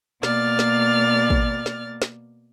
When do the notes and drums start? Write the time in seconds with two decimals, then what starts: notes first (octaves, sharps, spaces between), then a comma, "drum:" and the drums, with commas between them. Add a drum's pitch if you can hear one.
0.23 B2 A#3 D5 F6 A6, drum: snare
0.59 drum: snare
1.30 drum: kick
1.66 drum: snare
2.02 drum: snare